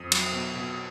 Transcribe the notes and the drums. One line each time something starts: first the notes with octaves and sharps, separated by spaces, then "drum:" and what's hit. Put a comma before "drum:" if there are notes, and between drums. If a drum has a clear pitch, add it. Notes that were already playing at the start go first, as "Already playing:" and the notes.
Already playing: F2 D#6
F#3, drum: cymbal
B2
B2